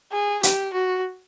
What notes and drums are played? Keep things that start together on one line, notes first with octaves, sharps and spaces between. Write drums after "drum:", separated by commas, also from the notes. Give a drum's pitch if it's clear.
G#4
G4, drum: hi-hat
F#4